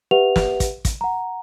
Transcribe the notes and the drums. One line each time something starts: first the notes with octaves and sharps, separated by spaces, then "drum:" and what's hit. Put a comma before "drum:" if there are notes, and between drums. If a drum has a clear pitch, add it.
G4 B4 E5 F#5 F7
drum: snare
drum: kick, hi-hat
drum: kick, hi-hat
F#5 A#5